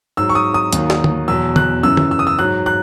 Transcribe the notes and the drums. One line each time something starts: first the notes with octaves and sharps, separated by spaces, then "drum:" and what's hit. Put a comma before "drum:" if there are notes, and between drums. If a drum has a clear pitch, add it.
G#2 F#3 E6
C#6
D#6
D#6
D#2 D#3 F#3, drum: hi-hat
drum: snare
drum: tom
E2 B2 F#3 E6
F#6, drum: tom
F#2 C#3 E3 E6
drum: tom
E6
D#6
E6
G#2 F#3 F#6
F#6